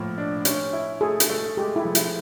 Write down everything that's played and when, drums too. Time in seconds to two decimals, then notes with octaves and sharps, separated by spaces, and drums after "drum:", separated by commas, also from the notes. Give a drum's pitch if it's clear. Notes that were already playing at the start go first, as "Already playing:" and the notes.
Already playing: A2 F3 A#3
0.18 D4
0.45 C#4, drum: hi-hat
0.73 E4
1.01 A3 G#4
1.20 drum: hi-hat
1.30 A3
1.57 G#3 G4
1.76 E4
1.85 F3
1.95 E4, drum: hi-hat